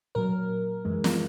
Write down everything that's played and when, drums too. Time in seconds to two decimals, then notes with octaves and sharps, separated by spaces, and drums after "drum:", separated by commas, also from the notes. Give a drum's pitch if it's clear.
0.15 A#2 F#3 A#4
0.85 F#2 E3 G#3
1.04 drum: snare